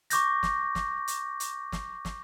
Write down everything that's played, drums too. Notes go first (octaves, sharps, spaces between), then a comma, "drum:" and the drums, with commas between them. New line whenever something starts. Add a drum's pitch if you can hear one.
C#6 D6 G6 A#6, drum: hi-hat
drum: snare
drum: snare
drum: hi-hat
drum: hi-hat
drum: snare
drum: snare